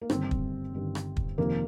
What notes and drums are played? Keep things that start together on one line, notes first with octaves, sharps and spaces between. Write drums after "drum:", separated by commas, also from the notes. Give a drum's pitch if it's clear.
A#3
G1 G2 D#3 G3 C4, drum: rim click
drum: kick
G1 G2 D#3 G3
drum: rim click
drum: kick
F2 C3 D#3 A#3